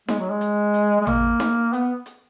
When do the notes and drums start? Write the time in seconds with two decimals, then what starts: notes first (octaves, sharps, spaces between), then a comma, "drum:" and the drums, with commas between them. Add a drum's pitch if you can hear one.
0.08 G#3, drum: snare D#4
0.19 F#3
0.30 G#3
0.41 drum: hi-hat
0.74 drum: hi-hat
1.01 G#3
1.07 A#3, drum: tom A1
1.40 drum: snare D#4
1.73 B3, drum: hi-hat
2.06 drum: hi-hat